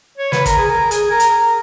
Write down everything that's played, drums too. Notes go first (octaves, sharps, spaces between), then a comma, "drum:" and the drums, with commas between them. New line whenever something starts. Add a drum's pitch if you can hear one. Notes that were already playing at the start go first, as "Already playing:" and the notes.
C#5
B4, drum: snare
A#4, drum: kick, hi-hat
G#4
A#4
G#4, drum: hi-hat
A#4
drum: hi-hat
A#4